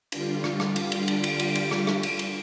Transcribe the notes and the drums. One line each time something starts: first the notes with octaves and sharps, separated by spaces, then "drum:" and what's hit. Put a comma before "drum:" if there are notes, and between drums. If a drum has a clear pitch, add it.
D3 G3 F4, drum: cymbal
drum: rim click
drum: rim click
drum: cymbal
drum: cymbal
drum: cymbal
drum: cymbal
drum: cymbal
drum: cymbal
drum: rim click
drum: rim click
drum: cymbal
drum: cymbal